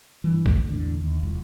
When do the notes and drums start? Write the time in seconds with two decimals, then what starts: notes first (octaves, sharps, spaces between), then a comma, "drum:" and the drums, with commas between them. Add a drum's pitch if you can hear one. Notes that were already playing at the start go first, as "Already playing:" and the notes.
0.24 G2 E3
0.46 A3, drum: kick A#1
0.70 E2 A2 D3
1.01 D#2
1.23 E1 C2 F2